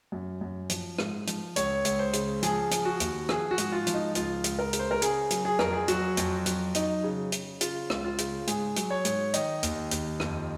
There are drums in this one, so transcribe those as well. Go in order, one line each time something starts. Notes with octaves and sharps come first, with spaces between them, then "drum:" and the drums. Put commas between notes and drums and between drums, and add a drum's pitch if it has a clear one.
F#2
F#2
F3, drum: hi-hat
G#2, drum: rim click
F3, drum: hi-hat
C#2 C#5, drum: hi-hat
C#2, drum: hi-hat
C5
C#3, drum: hi-hat
F3 G#4, drum: hi-hat
F3, drum: hi-hat
F#4
D#2, drum: hi-hat
F3 G#4, drum: rim click
F#4
G#2, drum: hi-hat
F4
F3, drum: hi-hat
D#4
C#2 F4, drum: hi-hat
C#2, drum: hi-hat
A#4
C#3, drum: hi-hat
C5
A#4
C#3 G#4, drum: hi-hat
F#3, drum: hi-hat
G#4
F2 A#4, drum: rim click
G#4
F#3 F#4, drum: hi-hat
F2, drum: hi-hat
F#3, drum: hi-hat
F#3 D#4, drum: hi-hat
C#3
C#3, drum: hi-hat
C#3 F4, drum: hi-hat
C#2, drum: rim click
F4
C#3, drum: hi-hat
G#2 G#4, drum: hi-hat
F#3, drum: hi-hat
C#5
G#2, drum: hi-hat
D#3 D#5, drum: hi-hat
D#2, drum: hi-hat
D#2, drum: hi-hat
F2, drum: rim click